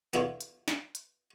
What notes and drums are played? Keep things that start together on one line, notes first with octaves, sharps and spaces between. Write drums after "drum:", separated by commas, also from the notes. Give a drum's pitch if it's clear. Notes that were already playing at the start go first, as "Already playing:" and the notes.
B3 D4 E4 F4 A4 C#5, drum: hi-hat
drum: hi-hat
drum: snare
drum: hi-hat